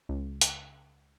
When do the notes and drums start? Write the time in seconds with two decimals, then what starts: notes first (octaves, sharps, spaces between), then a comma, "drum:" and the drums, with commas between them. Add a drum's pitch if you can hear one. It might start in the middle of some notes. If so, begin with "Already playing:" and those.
0.09 C#2
0.41 drum: hi-hat